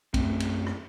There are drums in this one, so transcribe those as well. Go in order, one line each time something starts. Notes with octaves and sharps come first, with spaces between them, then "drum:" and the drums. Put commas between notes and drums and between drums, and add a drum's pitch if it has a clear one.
F#2 A3 C4, drum: kick A#1, cymbal
drum: cymbal
drum: rim click